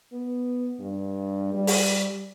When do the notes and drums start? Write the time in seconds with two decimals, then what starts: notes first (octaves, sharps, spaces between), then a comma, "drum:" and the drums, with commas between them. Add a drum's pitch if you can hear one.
0.12 B3
0.80 G2
1.54 G3
1.67 drum: open hi-hat